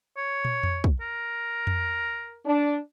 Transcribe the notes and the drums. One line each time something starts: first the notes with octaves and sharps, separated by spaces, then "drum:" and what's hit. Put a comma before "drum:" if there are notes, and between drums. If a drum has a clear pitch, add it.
C#5
drum: tom
drum: tom F2
drum: kick
A#4
drum: tom F2
D4